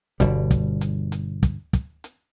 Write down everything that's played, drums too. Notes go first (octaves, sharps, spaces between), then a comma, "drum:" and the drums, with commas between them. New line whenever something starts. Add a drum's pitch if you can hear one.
G1 B2 G3, drum: kick, hi-hat
drum: kick, hi-hat
drum: hi-hat
drum: hi-hat
drum: kick, hi-hat
drum: kick, hi-hat
drum: hi-hat